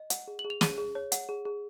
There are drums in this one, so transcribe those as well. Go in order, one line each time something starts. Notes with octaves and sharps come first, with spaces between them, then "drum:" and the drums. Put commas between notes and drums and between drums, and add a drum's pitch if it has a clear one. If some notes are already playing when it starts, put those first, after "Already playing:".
Already playing: D#5
F#5, drum: hi-hat
G#4
F#7
G#4
F7
G#4 D#7, drum: snare
G#4
C#5
F#5, drum: hi-hat
G#4
G#4